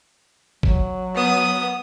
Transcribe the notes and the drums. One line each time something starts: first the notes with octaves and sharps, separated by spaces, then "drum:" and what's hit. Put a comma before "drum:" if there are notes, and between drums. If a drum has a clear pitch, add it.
F#3, drum: kick
B3 D#6